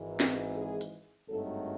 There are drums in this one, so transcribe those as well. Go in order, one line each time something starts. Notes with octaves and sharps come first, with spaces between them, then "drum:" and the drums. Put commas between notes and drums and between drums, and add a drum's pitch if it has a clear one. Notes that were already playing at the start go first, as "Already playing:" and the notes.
Already playing: G#1 G#2 E3
drum: snare C4
G#4
drum: hi-hat
G#1 G2 D#3 F#3 A3 A4